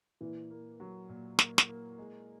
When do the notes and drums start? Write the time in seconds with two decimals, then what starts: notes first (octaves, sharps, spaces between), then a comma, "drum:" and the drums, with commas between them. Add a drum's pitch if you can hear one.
0.21 A#2 E3
0.51 A#3
0.80 F#3
1.09 A#2
1.39 A#3, drum: snare
1.58 drum: snare
1.69 A#3
1.98 G#3